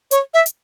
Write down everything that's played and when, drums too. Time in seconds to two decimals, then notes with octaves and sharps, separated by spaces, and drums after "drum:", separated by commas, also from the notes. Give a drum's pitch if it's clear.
0.11 C#5, drum: hi-hat
0.34 E5
0.46 drum: hi-hat